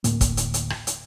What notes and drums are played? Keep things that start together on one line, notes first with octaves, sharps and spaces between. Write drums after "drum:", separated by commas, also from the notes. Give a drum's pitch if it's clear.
D2 A2 A#3, drum: hi-hat
drum: kick, hi-hat
drum: hi-hat
drum: hi-hat
drum: rim click
drum: hi-hat